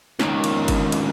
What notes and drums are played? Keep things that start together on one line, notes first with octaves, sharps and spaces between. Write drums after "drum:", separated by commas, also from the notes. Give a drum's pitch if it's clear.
C#2 D#3, drum: snare
drum: cymbal
drum: kick, cymbal
drum: cymbal